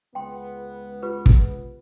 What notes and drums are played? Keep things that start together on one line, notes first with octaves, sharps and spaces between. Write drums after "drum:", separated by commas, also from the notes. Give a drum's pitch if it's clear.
C#2 B3 G5 C6
F4 G4 B4
drum: kick